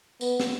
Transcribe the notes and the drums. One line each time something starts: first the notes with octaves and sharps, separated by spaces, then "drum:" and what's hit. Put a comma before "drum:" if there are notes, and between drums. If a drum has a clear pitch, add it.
B3, drum: tambourine
drum: snare